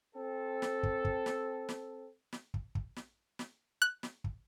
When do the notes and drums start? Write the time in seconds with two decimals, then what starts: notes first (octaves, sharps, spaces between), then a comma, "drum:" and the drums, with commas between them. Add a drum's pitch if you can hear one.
0.14 C4 A4
0.62 drum: snare
0.83 drum: kick
1.05 drum: kick
1.26 drum: snare
1.69 drum: snare
2.32 drum: snare
2.54 drum: kick
2.75 drum: kick
2.96 drum: snare
3.39 drum: snare
3.82 F#6
4.03 drum: snare
4.24 drum: kick